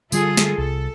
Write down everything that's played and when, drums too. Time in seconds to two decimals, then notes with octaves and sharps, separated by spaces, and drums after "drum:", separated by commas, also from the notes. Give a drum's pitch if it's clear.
0.12 D3 G3 F4 G#4 A4, drum: tambourine
0.37 drum: snare
0.58 C2 A4